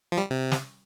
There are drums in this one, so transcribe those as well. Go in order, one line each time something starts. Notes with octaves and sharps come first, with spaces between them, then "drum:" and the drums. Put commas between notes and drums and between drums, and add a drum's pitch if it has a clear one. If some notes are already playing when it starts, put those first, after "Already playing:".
F3
G3
C3
drum: snare